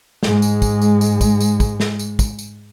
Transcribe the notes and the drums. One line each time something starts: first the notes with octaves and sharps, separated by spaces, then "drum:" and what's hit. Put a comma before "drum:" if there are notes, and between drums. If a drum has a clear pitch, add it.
G#2 G#3, drum: snare
drum: tambourine
drum: kick, tambourine
drum: tambourine
drum: tambourine
drum: kick, tambourine
drum: tambourine
drum: kick, tambourine
drum: snare
drum: tambourine
drum: kick, tambourine
drum: tambourine